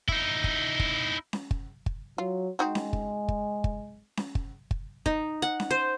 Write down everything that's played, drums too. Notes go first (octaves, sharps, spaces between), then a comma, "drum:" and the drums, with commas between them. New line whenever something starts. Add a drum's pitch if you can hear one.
D#4 E4, drum: kick
drum: kick
drum: kick
drum: snare C#4
drum: kick
drum: kick
F#3 F4
G#3 C4 D#4 F#4
drum: snare C#4
drum: kick
drum: kick
drum: kick
drum: snare C#4
drum: kick
drum: kick
D#4, drum: kick
F#5
drum: snare C#4
C5